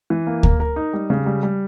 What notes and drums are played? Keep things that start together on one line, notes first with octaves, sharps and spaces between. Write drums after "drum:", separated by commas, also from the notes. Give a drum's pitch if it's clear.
E3
A#3
A#4, drum: kick D2
A#4
D#4
G3
C#3
G3
G3